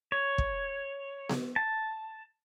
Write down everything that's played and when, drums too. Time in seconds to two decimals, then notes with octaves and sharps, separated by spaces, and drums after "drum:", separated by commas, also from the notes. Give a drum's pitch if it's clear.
0.12 C#5
0.38 drum: kick
1.29 drum: snare B3
1.56 A5